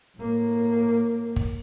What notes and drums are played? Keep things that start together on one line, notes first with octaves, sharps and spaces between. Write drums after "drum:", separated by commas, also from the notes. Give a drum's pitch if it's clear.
A2 A#3
drum: kick